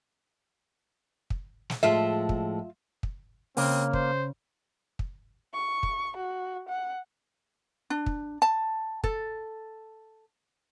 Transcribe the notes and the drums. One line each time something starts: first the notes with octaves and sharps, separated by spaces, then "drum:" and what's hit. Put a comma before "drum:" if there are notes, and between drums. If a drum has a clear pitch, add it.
drum: kick
drum: snare
A2 F3 G#3 F4 E5
drum: kick
drum: kick
C#3 A#3 C4, drum: open hi-hat
C5, drum: kick
drum: kick
C#6
drum: kick
F#4
F#5
D4
drum: kick
A5
A4, drum: kick